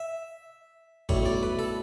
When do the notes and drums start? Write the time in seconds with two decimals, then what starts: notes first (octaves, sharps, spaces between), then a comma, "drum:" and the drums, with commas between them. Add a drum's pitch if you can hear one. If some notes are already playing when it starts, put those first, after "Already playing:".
Already playing: E5
1.09 B1 A2 G3 C#5, drum: kick
1.25 D5
1.43 B4
1.59 A4